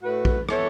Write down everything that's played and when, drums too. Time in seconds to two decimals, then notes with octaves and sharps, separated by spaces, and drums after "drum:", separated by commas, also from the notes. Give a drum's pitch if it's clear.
0.01 A2 A3 F#4 B4
0.25 drum: kick A#1
0.49 E3 B3 A4 C#5, drum: rim click